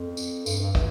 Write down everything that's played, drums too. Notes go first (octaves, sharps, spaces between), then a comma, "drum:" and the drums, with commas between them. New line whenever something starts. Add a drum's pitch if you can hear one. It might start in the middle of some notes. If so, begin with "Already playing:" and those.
Already playing: F2
drum: tambourine
G2, drum: tambourine
G2
drum: kick